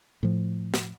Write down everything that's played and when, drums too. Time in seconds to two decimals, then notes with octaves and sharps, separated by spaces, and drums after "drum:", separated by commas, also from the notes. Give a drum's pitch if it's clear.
0.23 A2 F3
0.74 drum: snare